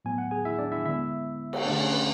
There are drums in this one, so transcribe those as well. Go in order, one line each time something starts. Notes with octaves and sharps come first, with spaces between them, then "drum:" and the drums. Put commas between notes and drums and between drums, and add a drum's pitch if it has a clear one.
A2 F#3 B3 G#5
F#5
G#4 G#5
E4 E5
D4 D5
E4 E5
D3 G#3 B3 E4 E5
drum: cymbal
D3 A3 D4 D5
C#4 C#5
B4